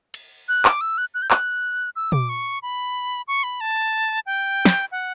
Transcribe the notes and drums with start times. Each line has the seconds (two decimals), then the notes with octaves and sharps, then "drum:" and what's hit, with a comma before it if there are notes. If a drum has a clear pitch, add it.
0.14 drum: cymbal
0.48 F#6
0.65 D6, drum: clap
0.81 E6
0.98 F#6
1.14 F#6
1.22 G6
1.31 F#6, drum: clap
1.96 E6
2.12 D6, drum: tom
2.29 C#6
2.62 B5
3.28 C#6
3.44 B5
3.61 A5
4.26 G5
4.65 drum: snare
4.92 F#5